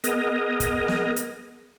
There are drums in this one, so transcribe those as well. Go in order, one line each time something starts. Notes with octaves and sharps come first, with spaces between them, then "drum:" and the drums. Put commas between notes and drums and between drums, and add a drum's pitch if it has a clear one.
B3 G#4 A#4 D#5, drum: hi-hat
drum: kick, hi-hat
drum: snare
drum: hi-hat